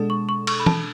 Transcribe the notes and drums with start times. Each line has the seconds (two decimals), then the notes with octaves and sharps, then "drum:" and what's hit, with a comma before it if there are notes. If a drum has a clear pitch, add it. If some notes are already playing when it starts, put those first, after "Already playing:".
Already playing: B2 G#3 D4 A4
0.10 C#6
0.29 C#6
0.47 C#6, drum: cymbal
0.60 B5
0.66 A5, drum: tom